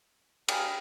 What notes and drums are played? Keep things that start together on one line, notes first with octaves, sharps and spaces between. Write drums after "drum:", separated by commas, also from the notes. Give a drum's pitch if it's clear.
G#4 A#4 F5 G5 G#5 B5, drum: cymbal